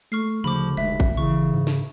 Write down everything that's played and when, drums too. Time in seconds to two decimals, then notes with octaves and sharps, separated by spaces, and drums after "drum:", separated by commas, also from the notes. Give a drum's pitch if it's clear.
0.12 A3 C#6 F6 C7
0.44 D2 C#3 F3 B5 D6
0.77 F1 G#3 E5
1.00 drum: kick A1
1.17 G#1 C#3 E3 C#6
1.54 G#2
1.67 drum: snare